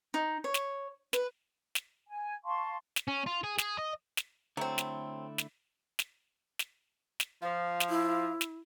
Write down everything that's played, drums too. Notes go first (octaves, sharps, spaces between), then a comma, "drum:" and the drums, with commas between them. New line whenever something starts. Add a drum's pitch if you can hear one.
D#4
C#5
drum: snare
B4, drum: snare
drum: snare
G#5
F5 A5 C6 C#6
drum: snare
C#4
F4
G#4
G#4, drum: snare
D#5
drum: snare
D3 F#3 A3 C4 E4
drum: snare
drum: snare
drum: snare
drum: snare
drum: snare
F3 F5
drum: snare
E4
drum: snare